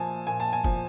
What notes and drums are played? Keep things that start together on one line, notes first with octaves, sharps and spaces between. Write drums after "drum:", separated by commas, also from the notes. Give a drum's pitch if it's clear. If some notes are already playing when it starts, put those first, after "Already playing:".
Already playing: A#2 F3 G#5 A5
A#2 G#5
A5
G#5
F3, drum: kick